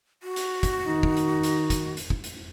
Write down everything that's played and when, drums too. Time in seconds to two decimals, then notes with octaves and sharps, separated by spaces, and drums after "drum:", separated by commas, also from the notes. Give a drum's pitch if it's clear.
0.23 F#4
0.36 drum: hi-hat
0.63 drum: kick, hi-hat
0.86 D#3 D#4
1.03 drum: kick
1.17 drum: hi-hat
1.43 drum: hi-hat
1.70 drum: kick, hi-hat
1.97 drum: hi-hat
2.10 drum: kick
2.24 drum: hi-hat